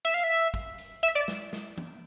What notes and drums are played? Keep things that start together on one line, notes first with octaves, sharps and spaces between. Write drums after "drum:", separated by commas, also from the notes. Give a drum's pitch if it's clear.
E5, drum: hi-hat
F5
E5
drum: kick, hi-hat
drum: hi-hat
E5, drum: hi-hat
D5
drum: snare
drum: snare
drum: tom